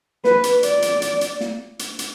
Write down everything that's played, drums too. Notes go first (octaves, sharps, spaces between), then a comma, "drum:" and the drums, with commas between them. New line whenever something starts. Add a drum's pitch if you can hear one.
B4, drum: snare
drum: hi-hat
D5, drum: hi-hat
drum: hi-hat
drum: hi-hat
drum: hi-hat
drum: snare
drum: hi-hat
drum: hi-hat